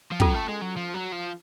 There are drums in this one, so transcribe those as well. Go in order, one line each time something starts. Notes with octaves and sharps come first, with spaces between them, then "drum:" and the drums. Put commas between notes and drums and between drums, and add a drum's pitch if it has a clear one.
F3
F#3 C#4 F4 A4, drum: kick
A3
G#3
F#3
F3
F#3
F3